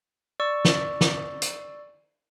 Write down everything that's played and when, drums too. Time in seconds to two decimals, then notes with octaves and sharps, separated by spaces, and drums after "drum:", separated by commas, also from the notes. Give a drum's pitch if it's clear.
0.40 D5 C#6 E6
0.65 drum: snare
1.01 drum: snare
1.42 drum: hi-hat